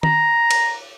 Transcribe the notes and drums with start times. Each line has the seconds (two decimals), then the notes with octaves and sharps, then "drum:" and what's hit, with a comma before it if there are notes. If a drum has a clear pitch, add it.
0.03 A#5, drum: tom D#3
0.51 drum: cymbal